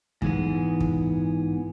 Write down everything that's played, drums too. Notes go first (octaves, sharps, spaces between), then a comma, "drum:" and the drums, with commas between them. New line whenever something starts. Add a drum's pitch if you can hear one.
G#2 E3 G#3 B3, drum: kick
drum: kick